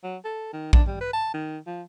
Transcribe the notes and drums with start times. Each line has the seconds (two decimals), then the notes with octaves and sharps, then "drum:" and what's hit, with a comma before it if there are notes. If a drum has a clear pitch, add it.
0.04 F#3
0.25 A4
0.53 D#3
0.73 D4, drum: kick A#1
0.87 G3
1.01 B4
1.13 A5
1.34 D#3
1.67 F3